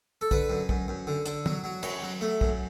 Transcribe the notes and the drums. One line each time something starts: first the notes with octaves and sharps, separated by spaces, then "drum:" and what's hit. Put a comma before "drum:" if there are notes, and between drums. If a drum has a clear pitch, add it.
A4
D3 B4, drum: kick
F#2
F#2, drum: kick
F#2
D3
D3, drum: hi-hat
F#3, drum: tom
F#3
F#2 C#5, drum: cymbal
F#3
A3
F#2, drum: kick